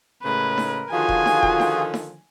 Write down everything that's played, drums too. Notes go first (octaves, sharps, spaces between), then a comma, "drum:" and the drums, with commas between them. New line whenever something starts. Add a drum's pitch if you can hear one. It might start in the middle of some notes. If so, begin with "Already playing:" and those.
A2 C#3 G#3 A#4 B4
drum: snare D#4
D3 D#3 F3 F4 F#4 G#4 G#5
drum: kick E1
drum: snare D#4
drum: kick E1
drum: snare D#4
drum: snare D#4